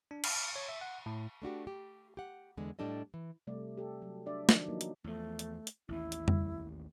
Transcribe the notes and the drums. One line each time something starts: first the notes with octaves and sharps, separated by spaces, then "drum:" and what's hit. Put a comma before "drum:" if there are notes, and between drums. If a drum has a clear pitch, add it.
D4
F6, drum: cymbal
F6
C#5
E5
F#5
A2
A3 D4 F#4 G4
G4
G4 F#5
E2 D3 G#3
A2 G3 D4 A4 D#5
E3
C3 G3 A3 D5
G4 A4
F#3
D4 D5 E5
D#3 F3 F#3 D4, drum: snare
F#3 A#3 D#4 F4
drum: hi-hat
E2 F3 A3
drum: hi-hat
drum: hi-hat
A1 D#2 E3 E4
drum: hi-hat
drum: tom F2